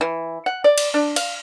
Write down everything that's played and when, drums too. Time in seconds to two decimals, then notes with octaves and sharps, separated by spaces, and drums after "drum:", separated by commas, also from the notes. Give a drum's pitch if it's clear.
0.01 E3
0.46 F#5
0.64 D5
0.78 drum: cymbal
0.94 D4
1.16 F5, drum: cymbal